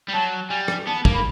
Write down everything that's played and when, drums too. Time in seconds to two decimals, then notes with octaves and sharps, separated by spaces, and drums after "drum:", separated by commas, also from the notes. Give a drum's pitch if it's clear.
0.08 G3
0.13 F#3 A5
0.49 G3 G#5
0.68 drum: rim click
0.87 B3 A5
1.05 A#3, drum: kick
1.14 B5